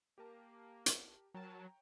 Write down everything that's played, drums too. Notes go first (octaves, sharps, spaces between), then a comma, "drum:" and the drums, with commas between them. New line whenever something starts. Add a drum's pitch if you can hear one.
A#3 G4 A#4 A5
drum: hi-hat
F#3 A#4 C#5 G5 A5 A#5